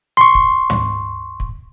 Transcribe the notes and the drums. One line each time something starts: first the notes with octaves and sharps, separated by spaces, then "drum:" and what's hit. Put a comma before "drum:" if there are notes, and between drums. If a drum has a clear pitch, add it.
C6 C#6
drum: kick
drum: tom
drum: kick